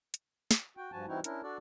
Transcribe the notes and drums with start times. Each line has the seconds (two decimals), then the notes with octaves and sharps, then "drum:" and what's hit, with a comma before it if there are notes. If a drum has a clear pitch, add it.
0.14 drum: hi-hat
0.51 drum: snare
0.77 F#4 G5
0.92 G2 F3 F#4 G#5 A5
1.08 E3 G3 C4 D#4 E4 F#4
1.24 C#4 D4 E4 A#4, drum: hi-hat
1.43 D4 F#4 A4 D5